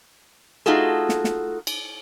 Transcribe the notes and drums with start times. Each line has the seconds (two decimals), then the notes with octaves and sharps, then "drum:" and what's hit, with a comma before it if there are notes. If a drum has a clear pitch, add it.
0.66 A3 D#4 F4 F#4 G#4 A4
1.09 drum: snare
1.24 drum: snare
1.67 drum: cymbal